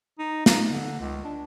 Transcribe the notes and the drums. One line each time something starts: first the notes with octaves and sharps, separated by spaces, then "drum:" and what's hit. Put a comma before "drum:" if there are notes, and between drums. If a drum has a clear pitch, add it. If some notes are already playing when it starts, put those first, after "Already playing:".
D#4
D#4, drum: snare
D3
C#2
D4